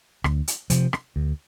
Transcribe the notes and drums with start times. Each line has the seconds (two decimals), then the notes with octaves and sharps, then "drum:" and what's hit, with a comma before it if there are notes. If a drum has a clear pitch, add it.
0.24 D2, drum: rim click
0.48 drum: hi-hat
0.70 C3 F3, drum: hi-hat
0.93 drum: rim click
1.16 D2